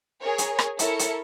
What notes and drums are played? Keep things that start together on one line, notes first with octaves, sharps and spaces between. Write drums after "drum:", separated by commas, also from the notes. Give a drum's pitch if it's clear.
G#4 A#4 C#5
drum: hi-hat
drum: rim click
E4 A4 A#4 C#5 C#7, drum: hi-hat
drum: hi-hat